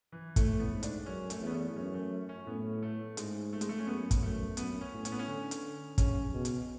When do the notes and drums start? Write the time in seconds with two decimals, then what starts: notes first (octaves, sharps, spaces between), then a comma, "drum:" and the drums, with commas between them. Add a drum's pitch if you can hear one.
0.12 E3
0.36 A2 A3, drum: kick, hi-hat
0.59 B3
0.72 G#2
0.83 D4, drum: hi-hat
1.06 F#2 C#4
1.30 A3, drum: hi-hat
1.42 E2 B3
1.53 A3
1.67 B3
1.76 F#2 C#4
1.94 A3
2.29 C#4
2.47 A2 B3
2.83 A3
3.17 G#2 G#3, drum: hi-hat
3.53 A3
3.61 G#3, drum: hi-hat
3.69 A3
3.79 C#4
3.87 F#2 B3
4.11 drum: kick, hi-hat
4.22 F#2 A3
4.57 F#2 B3, drum: hi-hat
4.81 C#4
4.93 A2
5.05 C#4, drum: hi-hat
5.12 B3
5.19 C#4
5.28 D3
5.51 drum: hi-hat
5.98 C#3 C#4, drum: kick, hi-hat
6.34 B2
6.45 drum: hi-hat